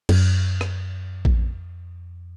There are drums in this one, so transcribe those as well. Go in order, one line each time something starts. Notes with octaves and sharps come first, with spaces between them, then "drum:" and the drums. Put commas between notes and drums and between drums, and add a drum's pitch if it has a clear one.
F#2, drum: cymbal
drum: rim click
F2, drum: kick A#1